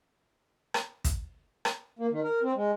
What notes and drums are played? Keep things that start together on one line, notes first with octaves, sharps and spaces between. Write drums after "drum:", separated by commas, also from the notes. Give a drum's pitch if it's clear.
drum: rim click
drum: kick, hi-hat
drum: rim click
A#3
D#3
A#4
C4
G#3